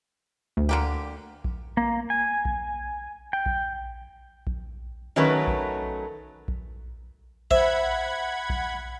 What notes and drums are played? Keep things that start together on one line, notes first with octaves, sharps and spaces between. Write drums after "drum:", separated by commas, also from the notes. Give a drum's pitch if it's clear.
D2
D3 A#3 G4
drum: kick A#1
A#3
G#5
drum: kick A#1
G5
drum: kick A#1
drum: kick A#1
D#3 F#3 A3 C#4 A#4 B4
drum: kick A#1
drum: kick A#1
C5 E5 F#5 B5 G#6, drum: kick A#1
drum: kick A#1